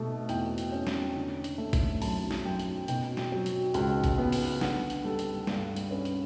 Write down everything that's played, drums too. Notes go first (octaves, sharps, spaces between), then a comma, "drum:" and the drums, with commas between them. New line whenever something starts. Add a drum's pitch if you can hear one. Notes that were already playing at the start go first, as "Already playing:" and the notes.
Already playing: B2 A3
E2 G5, drum: hi-hat
drum: hi-hat
C#4
drum: snare
D3
drum: hi-hat
A3
drum: kick A#1, hi-hat
F#2 A5, drum: open hi-hat
drum: snare
F#2 G5
drum: hi-hat
B2 G5, drum: hi-hat
drum: snare
F#3
drum: hi-hat
C#2, drum: hi-hat
drum: kick A#1, hi-hat
B3
drum: open hi-hat
D3 F#5, drum: snare
drum: hi-hat
G3 A4
drum: hi-hat
G2 A4, drum: snare
drum: hi-hat
C#4 B4
drum: hi-hat